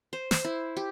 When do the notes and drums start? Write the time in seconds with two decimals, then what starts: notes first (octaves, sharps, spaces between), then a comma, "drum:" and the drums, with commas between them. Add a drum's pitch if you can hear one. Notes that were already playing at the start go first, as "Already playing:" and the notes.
0.13 C5
0.31 C5, drum: snare
0.45 E4
0.77 G4